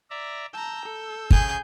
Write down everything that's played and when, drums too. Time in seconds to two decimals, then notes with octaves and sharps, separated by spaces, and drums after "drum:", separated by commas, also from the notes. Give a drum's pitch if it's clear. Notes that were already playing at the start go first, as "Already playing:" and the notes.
0.10 D5 E5 A#5
0.53 A5 A#5 E6 G6
0.85 A4
1.31 C#3 G#4 G6, drum: kick